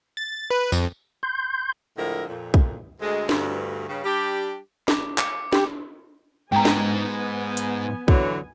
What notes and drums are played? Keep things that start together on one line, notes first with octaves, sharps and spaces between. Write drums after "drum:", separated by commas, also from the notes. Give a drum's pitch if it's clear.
A6
B4
F2, drum: tambourine
C6 G6
A2 D3 F3 G#3 A#4
F2 A#2
drum: kick
D2 G#3
D2 G2, drum: snare
G2 C#3
G3 D4 G4
D6, drum: snare
D6 C#7, drum: clap
G4, drum: snare
G#2 B3 G5 G#5 A#5
drum: snare
drum: hi-hat
D3 E3 F#3, drum: kick